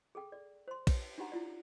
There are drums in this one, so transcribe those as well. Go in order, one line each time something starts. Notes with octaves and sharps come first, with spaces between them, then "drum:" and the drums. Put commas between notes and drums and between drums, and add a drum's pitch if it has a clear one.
G#4 A4 G5
D5
C5 C6
B4 C#5, drum: kick, cymbal
D4 D#4 F#4 G4 F#5 A#5
E4 F4 D5